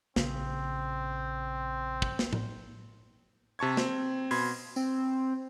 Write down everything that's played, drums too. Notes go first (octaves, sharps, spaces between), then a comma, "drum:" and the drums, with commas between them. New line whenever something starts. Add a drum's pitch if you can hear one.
A#1 C#3 C4, drum: snare
drum: kick
drum: snare
drum: tom A2
C3 A5 C#6 G#6
C4, drum: snare
B2 B5 C6 G#6, drum: open hi-hat
C4, drum: tambourine